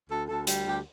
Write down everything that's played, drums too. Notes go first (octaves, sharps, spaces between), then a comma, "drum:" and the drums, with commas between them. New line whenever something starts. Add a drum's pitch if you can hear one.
D2 A4
D2 A4
G3, drum: hi-hat
D2 G4